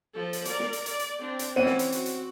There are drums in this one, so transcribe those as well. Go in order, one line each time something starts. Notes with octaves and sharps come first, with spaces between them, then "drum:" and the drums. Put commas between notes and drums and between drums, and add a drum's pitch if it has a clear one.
F3 A4
drum: hi-hat
A#4 D5, drum: hi-hat
drum: snare
drum: hi-hat
D5, drum: hi-hat
drum: hi-hat
C4 D4
drum: hi-hat
E3 C4 C#4 F#5 D#7
drum: snare
drum: hi-hat
F#4, drum: hi-hat
drum: hi-hat